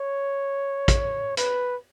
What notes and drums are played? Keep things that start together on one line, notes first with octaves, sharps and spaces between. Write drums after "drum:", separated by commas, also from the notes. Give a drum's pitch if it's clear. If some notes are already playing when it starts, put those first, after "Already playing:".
Already playing: C#5
drum: kick, hi-hat
B4, drum: hi-hat